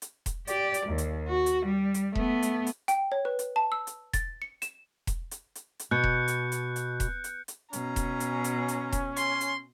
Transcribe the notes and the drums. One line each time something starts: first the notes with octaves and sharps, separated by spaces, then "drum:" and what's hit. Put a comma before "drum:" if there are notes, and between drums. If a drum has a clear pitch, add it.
drum: hi-hat
drum: kick E1, hi-hat
G4 D5, drum: hi-hat
drum: hi-hat
D#2
drum: hi-hat
F#4
drum: hi-hat
G3
drum: hi-hat
A3 B3, drum: kick E1
drum: hi-hat
drum: hi-hat
G5, drum: hi-hat
C#5
B4
drum: hi-hat
A5
E6
drum: hi-hat
A6, drum: kick E1, hi-hat
C#7
E7, drum: hi-hat
drum: kick E1, hi-hat
drum: hi-hat
drum: hi-hat
drum: hi-hat
B2 F#6 G6 C#7
drum: kick E1
drum: hi-hat
drum: hi-hat
drum: hi-hat
drum: kick E1, hi-hat
drum: hi-hat
drum: hi-hat
B2 C#4 A#5, drum: hi-hat
drum: kick E1, hi-hat
drum: hi-hat
drum: hi-hat
drum: hi-hat
drum: kick E1, hi-hat
C6, drum: hi-hat
drum: hi-hat